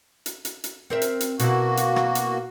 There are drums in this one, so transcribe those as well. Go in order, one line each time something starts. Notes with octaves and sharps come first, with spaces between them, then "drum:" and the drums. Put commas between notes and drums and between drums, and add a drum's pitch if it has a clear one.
drum: hi-hat
drum: hi-hat
drum: hi-hat
C4 A#4 E5
drum: hi-hat
drum: hi-hat
B2 A#3 E4 F#4, drum: hi-hat
drum: hi-hat
drum: rim click
drum: hi-hat